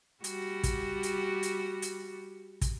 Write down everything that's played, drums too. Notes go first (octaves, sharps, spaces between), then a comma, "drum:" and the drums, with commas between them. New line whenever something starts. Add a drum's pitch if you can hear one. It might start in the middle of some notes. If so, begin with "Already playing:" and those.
G3 F#4, drum: hi-hat
drum: kick, hi-hat
drum: hi-hat
drum: hi-hat
drum: hi-hat
drum: kick, hi-hat